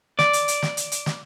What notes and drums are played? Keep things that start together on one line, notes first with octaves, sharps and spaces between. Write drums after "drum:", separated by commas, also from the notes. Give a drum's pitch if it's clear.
D5, drum: snare
drum: hi-hat
drum: hi-hat
drum: snare
drum: hi-hat
drum: hi-hat
drum: snare